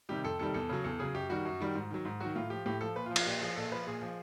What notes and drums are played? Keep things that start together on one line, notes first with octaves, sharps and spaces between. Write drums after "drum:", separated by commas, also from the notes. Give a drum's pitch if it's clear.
C3 D#3 G3 G4
F2 A4
C3 D#3 G3 A4
E2 A4
C#3 F#3
E2 A4
C#3 F#3 G#4
F#2 G4
D#3 G3 F#4
F#2
D#3 G3
G#2
D#3 F#3
G#2
D#3 F#3 F#4
A2 F4
F3 G4
A2 G4
F3 A4
A#2 B4
F4
F3
F4, drum: cymbal
A#2 G4
F3 G#4
A#2 A4
F3 B4
A#2 G#4
F3